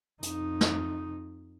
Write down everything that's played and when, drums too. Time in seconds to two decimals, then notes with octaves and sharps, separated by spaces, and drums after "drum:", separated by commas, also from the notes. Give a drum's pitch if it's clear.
0.23 F2 D#4, drum: hi-hat
0.61 drum: snare